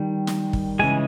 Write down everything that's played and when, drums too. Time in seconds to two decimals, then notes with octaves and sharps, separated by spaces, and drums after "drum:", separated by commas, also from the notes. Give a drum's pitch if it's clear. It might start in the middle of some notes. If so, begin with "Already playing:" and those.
Already playing: D#3 G3
0.27 drum: snare
0.53 drum: kick
0.79 C#3 E3 G#3 G#5